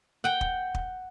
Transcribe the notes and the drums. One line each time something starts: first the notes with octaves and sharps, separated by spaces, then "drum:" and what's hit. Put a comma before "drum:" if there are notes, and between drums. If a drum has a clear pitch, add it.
F#5 G5
drum: kick
drum: kick